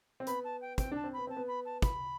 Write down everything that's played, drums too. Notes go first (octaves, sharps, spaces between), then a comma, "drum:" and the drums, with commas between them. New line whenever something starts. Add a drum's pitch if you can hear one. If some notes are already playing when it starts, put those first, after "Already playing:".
C4
B3 B5, drum: hi-hat
A5
G5
C4 G5, drum: kick, hi-hat
D4 A5
C4
B5
B3
C4 A5
B3
B5
A5
B5, drum: kick, hi-hat